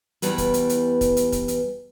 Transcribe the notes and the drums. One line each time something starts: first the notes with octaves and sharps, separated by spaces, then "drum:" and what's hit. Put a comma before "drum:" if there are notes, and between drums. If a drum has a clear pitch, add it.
E2 E3 G3 B4, drum: hi-hat
drum: kick, hi-hat
drum: hi-hat
drum: hi-hat
drum: kick, hi-hat
drum: hi-hat
drum: kick, hi-hat
drum: hi-hat